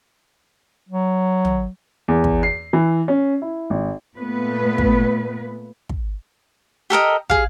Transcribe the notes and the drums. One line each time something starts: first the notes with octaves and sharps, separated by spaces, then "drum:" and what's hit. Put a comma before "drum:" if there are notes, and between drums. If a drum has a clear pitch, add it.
F#3
drum: tom
E2
drum: kick
C7
E3
C#4
E4
G#1
A#2 A3 B3 B4
drum: kick
drum: kick
G4 A4 A#4 D#5
G#4 F5, drum: kick